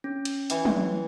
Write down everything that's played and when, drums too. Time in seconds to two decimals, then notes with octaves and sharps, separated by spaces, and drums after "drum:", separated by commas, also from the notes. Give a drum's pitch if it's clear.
0.04 C#4
0.25 drum: cymbal
0.50 E3 G5, drum: hi-hat
0.65 drum: tom F#3